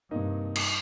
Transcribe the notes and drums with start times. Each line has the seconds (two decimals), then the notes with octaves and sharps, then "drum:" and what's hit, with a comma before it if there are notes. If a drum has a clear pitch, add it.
0.11 G2 C3 A#3 D#4
0.56 drum: cymbal